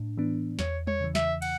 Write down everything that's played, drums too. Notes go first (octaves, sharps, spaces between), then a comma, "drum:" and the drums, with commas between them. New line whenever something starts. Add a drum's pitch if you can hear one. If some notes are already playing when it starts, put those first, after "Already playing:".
Already playing: A2 D4
E3 B3 D4
E2 C#5, drum: snare
C#5, drum: tom G3
C#3 E3
E5, drum: snare
F#5, drum: cymbal